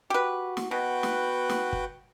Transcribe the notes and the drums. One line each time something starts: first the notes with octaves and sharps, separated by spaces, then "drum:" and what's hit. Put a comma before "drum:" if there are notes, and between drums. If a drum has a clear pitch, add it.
F#4 G4 B4
drum: snare
B2 B3 F#4 B4 G5
drum: snare
drum: snare
drum: kick G1